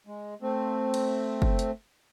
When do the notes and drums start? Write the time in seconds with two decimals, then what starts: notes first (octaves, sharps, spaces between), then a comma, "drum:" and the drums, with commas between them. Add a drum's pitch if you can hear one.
0.07 G#3
0.42 A3 C4
0.94 drum: cymbal
1.42 drum: kick F#1
1.59 drum: hi-hat